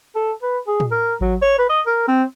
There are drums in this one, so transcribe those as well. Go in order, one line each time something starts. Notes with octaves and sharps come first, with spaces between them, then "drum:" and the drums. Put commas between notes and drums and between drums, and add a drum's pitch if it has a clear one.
A4
B4
G#4
drum: tom
A#4
F#3, drum: kick G#1
C#5
B4
D#5
A#4
C4